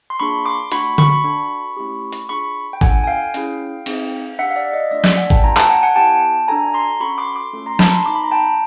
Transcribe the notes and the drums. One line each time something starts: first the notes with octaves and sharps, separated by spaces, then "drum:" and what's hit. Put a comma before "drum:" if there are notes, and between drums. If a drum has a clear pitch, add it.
C6
A#3 D4 F4 G#4 B5 C#6
C6 D6
A3 D4 F#4 B5 C#6, drum: hi-hat
B5 C#6, drum: tom D3
D4 F#4 A4
A3 C#4 E4 G4
drum: hi-hat
D4 F4 G#4 B5 C#6
G5
C#4 E4 A4 F#5 G#5, drum: kick
G#5
F5 G5
C#4 E4 G#4, drum: hi-hat
C4 D#4 G#4, drum: cymbal
D4 G4 E5 F#5
F5
D5 E5
D#5 F5
A3 D4 F4 D5 E5
D5 E5, drum: snare
F#5 G#5
G5 A5, drum: kick
A#3 D4 F4 A4 G#5 A#5
G5 A5, drum: clap
F#5 G#5
F#5 G#5
B3 E4 G4 G5 A5
D4 F#4 A4 G#5 A#5
A#5 C6
C#4 F#4 A4 B5 C#6
C6 D6
C6 D6
A3 C#4 F4 A4
A#5 C6
A5 B5, drum: snare
A#5 C6
B3 D#4 F#4 C6 D6
B5
A#5
G5 A5